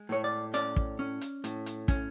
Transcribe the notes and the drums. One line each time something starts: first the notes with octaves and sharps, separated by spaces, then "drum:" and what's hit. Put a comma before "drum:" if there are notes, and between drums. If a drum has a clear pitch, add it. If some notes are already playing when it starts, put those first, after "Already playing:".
Already playing: G#3
A2 C#5
D5
C#4 D5, drum: hi-hat
drum: kick
C#4
drum: hi-hat
A2, drum: hi-hat
drum: hi-hat
C#4, drum: kick, hi-hat